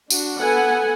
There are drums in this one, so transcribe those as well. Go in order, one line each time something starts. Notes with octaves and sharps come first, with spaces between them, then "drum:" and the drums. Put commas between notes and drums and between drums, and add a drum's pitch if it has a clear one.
D4 F#4, drum: tambourine
B3 A4 B4 F#5 G#5